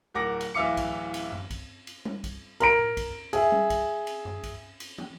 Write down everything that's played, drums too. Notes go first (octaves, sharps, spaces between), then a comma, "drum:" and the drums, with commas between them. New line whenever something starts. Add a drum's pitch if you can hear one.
D1 A#4 F#5 D6 A#6
drum: cymbal
D1 E3 E5 F5 D6 C#7
drum: kick, cymbal
drum: cymbal
drum: tom F#2
drum: kick, cymbal
drum: cymbal
drum: tom G3
drum: kick, cymbal
A#4 A#5 D7, drum: cymbal
drum: tom A2
drum: kick, cymbal
G#4 E5, drum: cymbal
drum: tom G3
drum: kick, cymbal
drum: cymbal
drum: tom F#2
drum: kick, cymbal
drum: cymbal
drum: tom